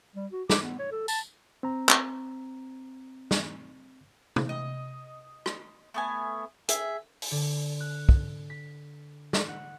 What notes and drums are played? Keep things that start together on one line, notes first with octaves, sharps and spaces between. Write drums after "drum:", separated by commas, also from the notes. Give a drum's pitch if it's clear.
G3
F#4
D6, drum: snare
B3
C#5
A4
A5, drum: tambourine
C4 A#5
drum: clap
drum: snare
drum: tom
D#5
drum: rim click
A3 B3 G#5
G#4 E5, drum: hi-hat
drum: open hi-hat
D3
F#6
drum: kick
B6
drum: snare
F#5